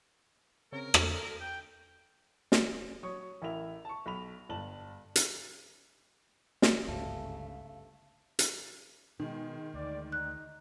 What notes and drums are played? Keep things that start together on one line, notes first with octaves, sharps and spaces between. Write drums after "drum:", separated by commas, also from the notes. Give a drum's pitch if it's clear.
C#3 C4 A#4 C#5
A4, drum: rim click
G5
drum: snare
F#3 C#5 C#6 D#6
A1 E4 A#4 E5 F7
A5 C#6
B1 B5 F7
G1 G2 A5 F#7
drum: hi-hat
drum: snare
G1 C#2 G#2 C#3 A3 F5
drum: hi-hat
B2 D#3 G#3
D2 D5
D#4 F#6